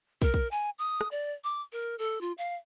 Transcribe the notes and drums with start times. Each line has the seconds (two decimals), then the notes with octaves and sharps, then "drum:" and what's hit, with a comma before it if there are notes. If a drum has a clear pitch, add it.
0.22 A#4, drum: kick
0.34 drum: kick
0.51 G#5
0.79 D#6
1.01 drum: rim click
1.11 D5
1.44 D6
1.72 A#4
1.99 A4
2.21 F4
2.38 F5